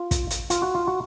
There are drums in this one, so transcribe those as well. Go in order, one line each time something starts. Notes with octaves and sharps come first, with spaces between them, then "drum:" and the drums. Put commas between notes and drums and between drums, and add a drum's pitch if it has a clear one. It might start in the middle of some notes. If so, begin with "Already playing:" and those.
Already playing: F4
drum: kick, hi-hat
drum: hi-hat
F4, drum: hi-hat
F#4
F4
F#4